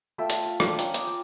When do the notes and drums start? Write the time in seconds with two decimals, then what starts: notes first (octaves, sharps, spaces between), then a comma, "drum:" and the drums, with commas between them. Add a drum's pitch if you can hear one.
0.18 A3 F4 E5 G5
0.30 drum: hi-hat
0.45 F5
0.60 D4 A#4 F5 C6, drum: rim click
0.79 C#4 F4 G5, drum: hi-hat
0.94 D6 D#6, drum: hi-hat
1.07 G5